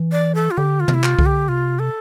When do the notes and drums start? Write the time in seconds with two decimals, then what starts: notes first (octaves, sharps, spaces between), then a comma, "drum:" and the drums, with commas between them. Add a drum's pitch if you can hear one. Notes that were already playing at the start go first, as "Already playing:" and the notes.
Already playing: E3
0.12 D5
0.35 A4
0.51 F4
0.57 D3 G4
0.80 F4
0.88 C3, drum: tom
0.94 E4
1.04 F4, drum: clap
1.19 D3, drum: kick C2
1.26 G4
1.48 C3 F4
1.79 A4